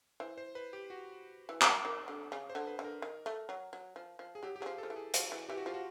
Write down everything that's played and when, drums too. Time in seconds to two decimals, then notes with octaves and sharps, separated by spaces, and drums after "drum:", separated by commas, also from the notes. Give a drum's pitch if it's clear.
0.20 E3 C5
0.38 C5
0.55 B4
0.73 G4
0.90 F#4
1.49 E3
1.62 D#3, drum: clap
1.85 D#3
2.08 D3
2.32 C#3
2.50 C5
2.55 D3
2.67 B4
2.79 D3
2.84 A#4
3.02 D#3
3.26 A3
3.49 F#3
3.73 F#3
3.96 F3
4.19 F3
4.35 G#4
4.43 F#3 G4
4.56 G4
4.61 F#3 G#4
4.66 F3
4.78 F3 A4
4.90 E3
4.96 G#4
5.14 F3 F#4, drum: hi-hat
5.32 E3
5.49 E3 G4
5.57 F#4
5.66 F3 F4
5.74 F#4